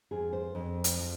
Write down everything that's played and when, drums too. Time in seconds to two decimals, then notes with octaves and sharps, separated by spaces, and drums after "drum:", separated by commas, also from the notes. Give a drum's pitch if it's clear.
0.11 F2 G#4
0.33 C5
0.55 F2
0.84 drum: hi-hat
0.99 F3